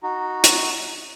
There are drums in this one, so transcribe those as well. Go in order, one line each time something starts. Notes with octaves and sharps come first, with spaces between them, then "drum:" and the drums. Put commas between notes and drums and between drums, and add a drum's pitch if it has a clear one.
D#4 F#4
drum: hi-hat